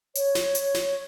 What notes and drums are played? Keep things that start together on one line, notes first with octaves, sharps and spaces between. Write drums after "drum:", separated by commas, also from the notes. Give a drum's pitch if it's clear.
C#5, drum: hi-hat
drum: snare
drum: hi-hat
drum: snare